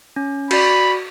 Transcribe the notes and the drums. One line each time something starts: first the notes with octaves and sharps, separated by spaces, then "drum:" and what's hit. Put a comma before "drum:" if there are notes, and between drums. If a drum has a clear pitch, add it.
C#4
F#4 D5 B5, drum: cymbal